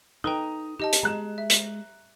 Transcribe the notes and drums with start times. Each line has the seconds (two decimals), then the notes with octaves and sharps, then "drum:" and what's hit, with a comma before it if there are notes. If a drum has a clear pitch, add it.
0.24 D#4 A4 B4 G5 A#5 D#6
0.80 D#4 G4 D#5 A5
0.93 drum: hi-hat
1.03 G#3 A#5 F#6 E7
1.38 E5
1.50 drum: hi-hat